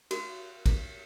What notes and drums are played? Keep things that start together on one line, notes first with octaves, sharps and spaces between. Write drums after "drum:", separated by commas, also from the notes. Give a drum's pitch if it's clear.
F#4, drum: cymbal
drum: kick, cymbal